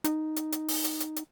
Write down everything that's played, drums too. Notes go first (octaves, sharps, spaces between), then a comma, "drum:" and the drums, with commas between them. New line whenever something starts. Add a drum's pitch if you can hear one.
D#4, drum: hi-hat
drum: hi-hat
drum: hi-hat
drum: open hi-hat
drum: hi-hat
drum: hi-hat
drum: hi-hat